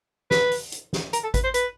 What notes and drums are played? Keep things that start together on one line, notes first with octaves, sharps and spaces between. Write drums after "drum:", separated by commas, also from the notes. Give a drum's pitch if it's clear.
B4, drum: snare
drum: open hi-hat
drum: hi-hat
drum: snare
A#4, drum: hi-hat
A4
B4, drum: kick G#1, hi-hat
C5
B4, drum: hi-hat